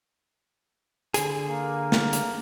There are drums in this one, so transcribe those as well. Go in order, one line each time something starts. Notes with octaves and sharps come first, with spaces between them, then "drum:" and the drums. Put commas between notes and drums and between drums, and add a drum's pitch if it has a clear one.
D3 G#4, drum: hi-hat
A#3
drum: snare
drum: hi-hat